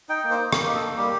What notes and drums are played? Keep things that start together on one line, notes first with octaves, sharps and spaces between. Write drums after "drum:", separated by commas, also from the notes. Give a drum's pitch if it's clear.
D#4 G5
A#3
C5
D#4
A#3, drum: rim click
D#4 G4
A4
A#3
G3 G4